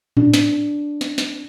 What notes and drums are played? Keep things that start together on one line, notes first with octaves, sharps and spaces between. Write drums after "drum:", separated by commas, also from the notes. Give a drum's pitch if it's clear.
D4, drum: tom A2
drum: snare
drum: snare
drum: snare